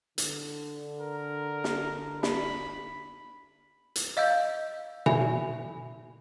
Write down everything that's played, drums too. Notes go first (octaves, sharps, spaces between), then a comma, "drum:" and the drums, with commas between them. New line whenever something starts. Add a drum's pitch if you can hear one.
D3, drum: hi-hat
A#4
drum: snare
B5, drum: snare
drum: hi-hat
D#5 F5 E6 G6
E5 G#5 B5, drum: tom B2